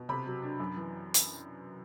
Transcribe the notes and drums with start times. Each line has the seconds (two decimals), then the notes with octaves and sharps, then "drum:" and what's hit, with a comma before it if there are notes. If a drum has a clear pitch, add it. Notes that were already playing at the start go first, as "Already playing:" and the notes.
Already playing: B2
0.09 C3 B5
0.26 F#3
0.42 D4
0.59 F#2
0.77 E3
1.14 drum: hi-hat